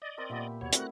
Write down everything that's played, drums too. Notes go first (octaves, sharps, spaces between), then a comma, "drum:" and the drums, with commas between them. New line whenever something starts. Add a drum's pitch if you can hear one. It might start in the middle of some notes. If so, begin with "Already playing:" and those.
D5 D#5
C4 A#4
A#2 B3 G4 E5
D#2 B2 G3 B3 C#5
A3 C4 E4 F#4 A#4 F#6, drum: hi-hat